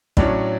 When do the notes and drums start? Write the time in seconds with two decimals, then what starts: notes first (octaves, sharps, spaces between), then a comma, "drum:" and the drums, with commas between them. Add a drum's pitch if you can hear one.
0.17 A2 F#3 C#4 D4, drum: kick